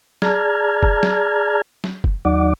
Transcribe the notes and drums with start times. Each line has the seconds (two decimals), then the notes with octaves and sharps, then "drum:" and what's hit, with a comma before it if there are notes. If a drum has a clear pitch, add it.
0.22 G#4 D5 A5 A#5 F6 G#6, drum: snare
0.83 drum: kick
1.03 drum: snare
1.84 drum: snare
2.04 drum: kick
2.25 D#2 F#3 D#4 D5 F#5 D6